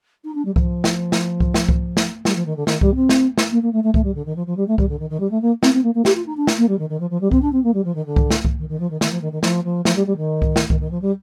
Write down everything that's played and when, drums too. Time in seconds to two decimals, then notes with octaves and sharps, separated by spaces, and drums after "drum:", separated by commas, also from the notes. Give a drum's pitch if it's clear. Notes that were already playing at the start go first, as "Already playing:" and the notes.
0.25 D#4
0.35 D4
0.45 G3
0.56 F3, drum: kick C2
0.84 drum: snare
1.12 drum: snare
1.40 drum: kick C2
1.54 drum: snare
1.69 drum: kick C2
1.97 drum: snare
2.25 G3, drum: snare
2.36 F3
2.46 D#3
2.57 D3
2.67 D#3, drum: snare
2.81 G3, drum: kick C2
2.95 C4
3.09 drum: snare
3.38 drum: snare
3.52 A#3
3.62 A#3
3.73 A3
3.84 A3
3.94 A3, drum: kick C2
4.04 G3
4.15 D3
4.26 D#3
4.36 F3
4.47 F3
4.57 G3
4.68 A3
4.78 G3, drum: kick C2
4.89 D3
4.99 D#3
5.10 D#3
5.20 G3
5.31 A3
5.42 A#3
5.63 C4, drum: snare
5.74 C4
5.84 A#3
5.95 A#3
6.05 G4, drum: snare
6.15 F4
6.26 D#4
6.37 D4
6.47 drum: snare
6.58 A#3
6.69 G3
6.79 D#3
6.90 D#3
7.00 F3
7.10 F3
7.21 G3
7.31 C4, drum: kick C2
7.42 D4
7.53 C4
7.64 A#3
7.74 G3
7.85 F3
7.95 D#3
8.06 D3
8.16 drum: kick C2
8.30 drum: snare
8.45 drum: kick C2
8.59 D#3
8.69 D#3
8.80 F3
8.91 D#3
9.01 D#3, drum: snare
9.11 F3
9.22 D#3
9.32 D#3
9.43 F3, drum: snare
9.64 F3
9.85 F3, drum: snare
9.96 G3
10.07 G3
10.17 D#3
10.42 drum: kick C2
10.56 drum: snare
10.70 D#3, drum: kick C2
10.80 D#3
10.91 F3
11.02 G3